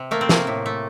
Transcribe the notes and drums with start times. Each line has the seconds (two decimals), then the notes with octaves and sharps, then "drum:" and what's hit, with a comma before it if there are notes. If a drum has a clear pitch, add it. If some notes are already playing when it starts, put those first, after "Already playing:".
Already playing: C3
0.11 A3 A#3
0.21 C4
0.29 C3 A#3, drum: snare
0.47 A2
0.66 A3